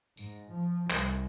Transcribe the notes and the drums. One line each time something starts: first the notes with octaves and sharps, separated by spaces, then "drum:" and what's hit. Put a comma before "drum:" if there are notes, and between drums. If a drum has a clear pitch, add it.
G#2, drum: tambourine
F3
C2, drum: clap